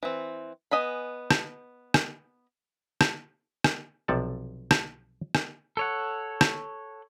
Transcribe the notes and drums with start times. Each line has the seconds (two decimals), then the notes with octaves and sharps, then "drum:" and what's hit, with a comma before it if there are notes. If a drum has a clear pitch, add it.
0.03 E3 C4
0.71 B3 D#5 G#5 B5
1.31 drum: rim click
1.94 drum: rim click
3.01 drum: rim click
3.64 drum: rim click
4.08 B1 C3 F3 A4 D5 A5
4.71 drum: rim click
5.35 drum: rim click
5.77 A4 C#5 F#5
6.41 drum: rim click